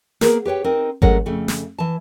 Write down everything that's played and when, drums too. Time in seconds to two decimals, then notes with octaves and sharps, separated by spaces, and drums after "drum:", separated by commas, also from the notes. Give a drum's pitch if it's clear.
0.21 A#3 B3 G#4 A#4, drum: snare
0.45 G4 B4 C#5 G5
0.64 C4 D#4 A#4
1.02 F#3 G#3 A3 C#4 A#4 F#5, drum: kick G#1
1.26 F2 C#3 A3
1.48 drum: snare
1.79 E3 A5